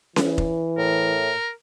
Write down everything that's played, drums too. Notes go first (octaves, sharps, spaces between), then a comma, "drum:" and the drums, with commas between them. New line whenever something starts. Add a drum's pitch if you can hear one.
E3, drum: snare C#4
drum: kick F1
A2 A#4